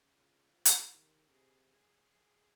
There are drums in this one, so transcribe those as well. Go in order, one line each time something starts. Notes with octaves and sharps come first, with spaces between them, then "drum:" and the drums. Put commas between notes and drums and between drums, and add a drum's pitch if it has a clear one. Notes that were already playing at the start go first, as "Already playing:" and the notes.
Already playing: C#3
F4
F3
drum: hi-hat
D#3 G4
C3 G#4
G#4
G#4